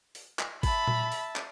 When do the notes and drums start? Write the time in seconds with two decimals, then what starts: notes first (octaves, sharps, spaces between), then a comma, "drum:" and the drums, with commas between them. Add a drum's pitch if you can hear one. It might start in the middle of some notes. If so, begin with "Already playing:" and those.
0.15 drum: open hi-hat
0.39 drum: clap
0.63 E5 A5 B5, drum: kick G#1, open hi-hat
0.87 drum: tom A#2
1.12 drum: open hi-hat
1.36 drum: clap